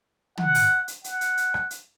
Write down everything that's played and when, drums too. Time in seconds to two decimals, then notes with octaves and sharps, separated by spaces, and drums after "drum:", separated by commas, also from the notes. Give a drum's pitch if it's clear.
0.37 F#5, drum: tom
0.55 drum: open hi-hat
0.88 drum: hi-hat
1.04 F#5, drum: hi-hat
1.21 drum: hi-hat
1.37 drum: hi-hat
1.54 drum: rim click
1.71 drum: hi-hat